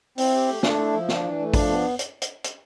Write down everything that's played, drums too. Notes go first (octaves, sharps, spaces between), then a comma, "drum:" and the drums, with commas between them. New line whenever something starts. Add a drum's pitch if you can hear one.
C4 E4, drum: open hi-hat
G4
A3
A3 D4, drum: snare
E4
F3
D4, drum: snare
E3
A3
F3 D4, drum: kick, open hi-hat
B3
drum: hi-hat
drum: hi-hat
drum: hi-hat